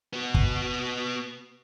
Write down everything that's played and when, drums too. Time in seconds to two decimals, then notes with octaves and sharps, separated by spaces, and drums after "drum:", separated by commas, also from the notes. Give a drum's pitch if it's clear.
0.13 B3 F#4
0.34 drum: kick